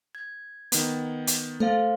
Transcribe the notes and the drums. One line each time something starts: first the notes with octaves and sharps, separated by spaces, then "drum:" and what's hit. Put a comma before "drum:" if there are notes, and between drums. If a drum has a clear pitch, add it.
G#6
D#3 B3, drum: hi-hat
drum: hi-hat
A3 A4 C5 F5